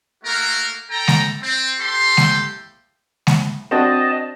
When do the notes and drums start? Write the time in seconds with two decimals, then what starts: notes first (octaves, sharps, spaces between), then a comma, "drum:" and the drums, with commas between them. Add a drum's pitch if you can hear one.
0.24 A3 A#3 F#4 A#4
0.89 A4 G5 A#5
1.08 drum: snare G#3
1.41 C4
1.79 G4 A4 C6
2.17 drum: snare G#3
3.27 drum: snare G#3
3.71 C4 D4 F#4 D#5 A5